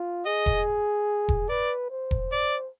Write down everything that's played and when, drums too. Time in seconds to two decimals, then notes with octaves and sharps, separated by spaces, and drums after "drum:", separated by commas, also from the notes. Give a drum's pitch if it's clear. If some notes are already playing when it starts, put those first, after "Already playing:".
Already playing: F4
0.26 G#4 D#5
0.46 drum: kick E1
1.29 drum: kick E1
1.49 B4 D5
1.90 C5
2.11 drum: kick E1
2.32 D5